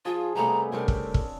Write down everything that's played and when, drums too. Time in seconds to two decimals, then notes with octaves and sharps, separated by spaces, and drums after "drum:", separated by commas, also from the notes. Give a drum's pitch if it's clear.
0.05 F3 F4 G#4 F5
0.35 C3 G3 A3 B3 C#4 A#5
0.72 C3 G3 A3 C4 D4 A#4
0.88 drum: kick
1.14 drum: kick